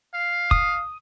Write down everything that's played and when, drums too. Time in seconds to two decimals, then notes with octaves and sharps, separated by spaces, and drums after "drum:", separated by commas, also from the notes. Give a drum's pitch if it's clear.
0.14 F5
0.51 D#6, drum: kick